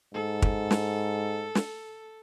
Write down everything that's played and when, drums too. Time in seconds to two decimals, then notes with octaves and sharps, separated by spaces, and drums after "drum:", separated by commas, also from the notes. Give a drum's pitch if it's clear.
0.14 G#2 A4
0.42 drum: kick
0.71 drum: snare
1.55 drum: snare